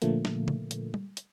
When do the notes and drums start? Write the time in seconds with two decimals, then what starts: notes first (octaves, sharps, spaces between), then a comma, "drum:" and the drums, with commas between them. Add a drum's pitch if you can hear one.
0.02 A#2 D3 F3 A3 A#3, drum: hi-hat
0.25 drum: snare
0.48 drum: tom C#3
0.71 drum: hi-hat
0.94 drum: tom G3
1.17 drum: hi-hat